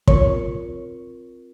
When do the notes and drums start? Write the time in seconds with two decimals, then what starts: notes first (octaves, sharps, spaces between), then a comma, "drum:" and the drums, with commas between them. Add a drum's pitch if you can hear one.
0.07 C4 F4 A#4 C#5, drum: kick